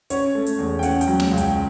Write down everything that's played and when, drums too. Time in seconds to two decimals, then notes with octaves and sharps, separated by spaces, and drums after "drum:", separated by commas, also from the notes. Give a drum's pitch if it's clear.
0.10 C#4 C#5, drum: hi-hat
0.35 A3
0.47 drum: hi-hat
0.59 E2
0.79 G5
0.83 C#4 F#5, drum: hi-hat
1.01 G5, drum: hi-hat
1.08 F#3
1.20 drum: snare
1.31 C#2
1.38 G5, drum: hi-hat